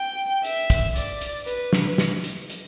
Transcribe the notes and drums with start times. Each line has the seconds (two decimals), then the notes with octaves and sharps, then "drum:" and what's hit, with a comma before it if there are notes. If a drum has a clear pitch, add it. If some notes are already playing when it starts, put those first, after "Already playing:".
Already playing: G5
0.45 E5, drum: hi-hat
0.70 drum: kick, hi-hat
0.96 D5, drum: hi-hat
1.21 drum: hi-hat
1.47 B4, drum: hi-hat
1.73 drum: snare
1.98 drum: snare
2.24 drum: hi-hat
2.50 drum: hi-hat